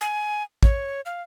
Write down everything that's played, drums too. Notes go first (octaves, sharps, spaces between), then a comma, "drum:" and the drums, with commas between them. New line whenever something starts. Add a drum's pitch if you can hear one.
G#5
C#5, drum: kick
F5